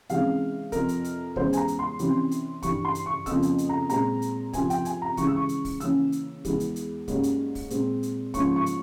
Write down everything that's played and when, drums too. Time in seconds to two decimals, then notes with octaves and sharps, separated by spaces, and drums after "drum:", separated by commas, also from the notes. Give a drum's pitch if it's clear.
0.09 C3 E3 G#3 C#4 F5, drum: hi-hat
0.72 F2 C3 F3 A#4, drum: kick, hi-hat
0.89 drum: hi-hat
1.04 drum: hi-hat
1.36 E2 E3 G#3 C#4 C5, drum: kick
1.53 G#5, drum: hi-hat
1.57 A#5
1.68 drum: hi-hat
1.79 C6
1.99 C3 E3 G3 C#4, drum: hi-hat
2.31 drum: hi-hat
2.63 G2 E3 G3 C#6, drum: kick, hi-hat
2.85 C6
2.95 drum: hi-hat
3.06 C#6
3.26 F2 C#3 F3 A#3 E6, drum: kick, hi-hat
3.42 drum: hi-hat
3.58 drum: hi-hat
3.69 A#5
3.89 A#2 G#3 C4 A#5, drum: hi-hat
4.22 drum: hi-hat
4.53 C3 F3 C4 G#5, drum: kick, hi-hat
4.70 G5, drum: hi-hat
4.85 G#5, drum: hi-hat
5.02 A#5
5.17 C#3 E3 G#3 C#6, drum: kick, hi-hat
5.27 E6
5.36 C#6
5.49 drum: hi-hat
5.65 drum: kick, open hi-hat
5.80 C#3 E3 A#3 C#4 E6, drum: hi-hat
6.12 drum: hi-hat
6.45 E2 E3 G#3, drum: kick, hi-hat
6.60 drum: hi-hat
6.76 drum: hi-hat
7.08 G#2 G3 A#3 C#4, drum: kick, hi-hat
7.23 drum: hi-hat
7.55 drum: kick, open hi-hat
7.70 A#2 G#3 C4, drum: hi-hat
8.03 drum: hi-hat
8.34 G#2 F3 A#3 C#4 C#6, drum: kick, hi-hat
8.56 C#6
8.66 drum: hi-hat